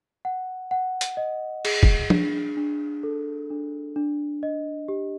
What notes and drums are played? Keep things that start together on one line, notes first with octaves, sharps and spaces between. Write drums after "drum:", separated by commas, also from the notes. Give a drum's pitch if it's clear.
F#5
F#5
drum: hi-hat
D#5
G#4, drum: cymbal
drum: kick
D4, drum: tom
D4
A4
D4
D4
D#5
G4